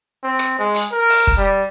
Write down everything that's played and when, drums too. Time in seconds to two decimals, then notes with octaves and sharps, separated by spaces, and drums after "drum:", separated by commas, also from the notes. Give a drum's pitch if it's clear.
0.23 C4
0.39 drum: rim click
0.59 G#3
0.74 drum: hi-hat
0.92 A#4
1.10 drum: open hi-hat
1.27 drum: kick
1.37 G3